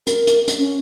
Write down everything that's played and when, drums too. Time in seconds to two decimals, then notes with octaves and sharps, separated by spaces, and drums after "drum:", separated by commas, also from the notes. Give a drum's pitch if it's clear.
0.07 A#4, drum: hi-hat
0.27 drum: hi-hat
0.48 drum: hi-hat
0.58 C#4